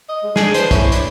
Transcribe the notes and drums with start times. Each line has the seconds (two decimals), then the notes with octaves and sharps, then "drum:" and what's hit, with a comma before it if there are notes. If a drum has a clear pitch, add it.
0.09 D#5
0.23 G#3
0.36 D4 G#4, drum: snare
0.54 E3 C5, drum: hi-hat
0.71 E4 C#5, drum: kick, hi-hat
0.92 D4, drum: hi-hat